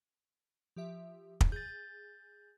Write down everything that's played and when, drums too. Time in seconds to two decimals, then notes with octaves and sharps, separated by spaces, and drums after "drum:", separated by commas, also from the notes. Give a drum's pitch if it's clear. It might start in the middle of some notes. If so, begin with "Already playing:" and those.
0.76 F3 G4 E5
1.41 drum: kick
1.52 G#4 G6 A6